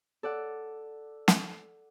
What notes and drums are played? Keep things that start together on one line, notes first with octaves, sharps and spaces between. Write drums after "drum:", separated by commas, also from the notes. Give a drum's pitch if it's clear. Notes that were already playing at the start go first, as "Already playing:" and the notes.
A4 D5 F#5
drum: snare